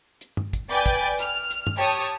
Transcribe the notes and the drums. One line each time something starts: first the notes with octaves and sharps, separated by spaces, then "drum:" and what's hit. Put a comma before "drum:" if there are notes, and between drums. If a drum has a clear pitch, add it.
drum: hi-hat
drum: tom G2
drum: kick, hi-hat
B4 D5 G5 G#5 D6 G6
drum: kick, hi-hat
F6, drum: hi-hat
drum: hi-hat
drum: tom G2
G4 C#5 A5 D#6